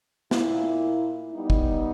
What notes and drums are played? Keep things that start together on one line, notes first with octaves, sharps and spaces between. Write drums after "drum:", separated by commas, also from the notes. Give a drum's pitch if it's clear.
A#2 A#3 E4, drum: snare
G3 B3 D#4
drum: kick